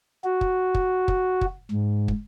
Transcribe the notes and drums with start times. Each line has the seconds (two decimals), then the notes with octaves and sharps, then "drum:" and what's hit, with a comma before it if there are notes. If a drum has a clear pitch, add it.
0.24 F#4
0.41 drum: kick
0.75 drum: kick
1.08 drum: kick
1.41 drum: kick
1.71 G#2
2.08 drum: kick